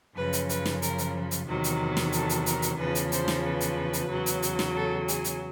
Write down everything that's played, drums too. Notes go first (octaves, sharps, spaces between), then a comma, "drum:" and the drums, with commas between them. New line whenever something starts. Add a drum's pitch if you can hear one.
F#2 C#3 F3 B4
drum: hi-hat
B4, drum: hi-hat
drum: snare
A#4, drum: hi-hat
drum: hi-hat
drum: hi-hat
E2 C3 D#3 F#3
drum: hi-hat
drum: snare
A4, drum: hi-hat
drum: hi-hat
A#4, drum: hi-hat
drum: hi-hat
E2 C#3 F3 B4
drum: hi-hat
C5, drum: hi-hat
drum: snare
B4
drum: hi-hat
drum: hi-hat
E2 C#3 F#3
drum: hi-hat
drum: hi-hat
drum: snare
A4
G#4, drum: hi-hat
drum: hi-hat